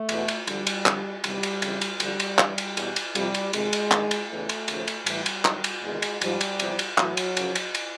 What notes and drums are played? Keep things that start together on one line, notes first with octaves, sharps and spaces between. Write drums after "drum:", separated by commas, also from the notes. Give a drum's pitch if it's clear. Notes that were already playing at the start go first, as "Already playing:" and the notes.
Already playing: A3
E2 B2, drum: cymbal
drum: cymbal
D2 D3 F3 G3, drum: cymbal
drum: cymbal
F2 D3 F3, drum: clap
E2 C3 D#3 G3, drum: cymbal
drum: cymbal
F2 C#3 E3, drum: cymbal
drum: cymbal
D2 D3 F3 G3, drum: cymbal
drum: cymbal
G2 E3, drum: clap
drum: cymbal
E2 B2, drum: cymbal
drum: cymbal
F2 C3 F3 G3, drum: cymbal
drum: cymbal
F2 C3 D#3 G#3, drum: cymbal
drum: cymbal
G2 D#3, drum: clap
drum: cymbal
E2 C#3 E3 A3
drum: cymbal
D#2 C#3 F3, drum: cymbal
drum: cymbal
A2 E3 G3, drum: cymbal
drum: cymbal
F#2 D#3, drum: clap
drum: cymbal
E2 C3 D#3 G#3
drum: cymbal
G#2 F3 G3, drum: cymbal
drum: cymbal
E2 C3 F3, drum: cymbal
drum: cymbal
A2 E3 F#3, drum: clap
drum: cymbal
F#2 C#3 F3, drum: cymbal
drum: cymbal
drum: cymbal